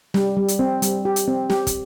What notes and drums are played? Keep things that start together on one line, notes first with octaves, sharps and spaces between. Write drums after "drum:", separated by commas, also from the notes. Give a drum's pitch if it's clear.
G3, drum: snare
G3
drum: hi-hat
C4
G3, drum: hi-hat
G4
drum: hi-hat
C4
G4, drum: snare
drum: kick, hi-hat